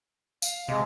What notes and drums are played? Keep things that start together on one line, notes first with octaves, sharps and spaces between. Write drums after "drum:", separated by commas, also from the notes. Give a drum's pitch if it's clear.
F5, drum: tambourine
C3 G#3